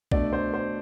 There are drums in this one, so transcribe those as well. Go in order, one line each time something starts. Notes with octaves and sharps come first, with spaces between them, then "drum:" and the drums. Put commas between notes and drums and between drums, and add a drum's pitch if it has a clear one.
B2 A3 D4 D5, drum: kick A#1
C5
C5